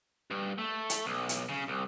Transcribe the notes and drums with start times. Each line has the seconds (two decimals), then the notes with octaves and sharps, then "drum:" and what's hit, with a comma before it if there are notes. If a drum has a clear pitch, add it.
0.30 G2
0.58 A3
0.90 drum: hi-hat
1.06 B1
1.29 drum: hi-hat
1.49 C#3
1.68 C2